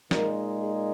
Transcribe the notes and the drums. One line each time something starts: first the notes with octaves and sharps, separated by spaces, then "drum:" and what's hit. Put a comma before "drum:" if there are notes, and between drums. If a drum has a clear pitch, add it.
A#2 G#3 D#4 A#4, drum: snare
G#4